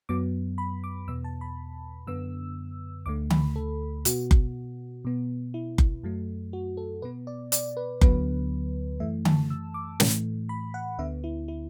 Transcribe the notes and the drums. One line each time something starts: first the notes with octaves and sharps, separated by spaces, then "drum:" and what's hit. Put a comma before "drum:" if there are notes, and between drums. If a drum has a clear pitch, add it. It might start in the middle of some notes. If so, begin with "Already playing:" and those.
F#2 F#3 B3 D6
B5
D6
E2 B2 B3 E6
A5
B5
F#2 D3 B3 E6
D2 D3 A3 D6
B5, drum: tom D3
A4
B2 B3 F#4, drum: hi-hat
drum: kick F#1
B2 B3
E4
drum: kick F#1
F#2 F#3 A3
F#4
A4
B2 B3 B4
D5
D5, drum: hi-hat
B4
D2 D3 F#3 B3 B4, drum: kick F#1
F#2 E3 A3 E5
A5, drum: tom D3
E6
D6
A2 E3 A3, drum: snare
B5
F#5
D2 D3 B3 E5
E4
E4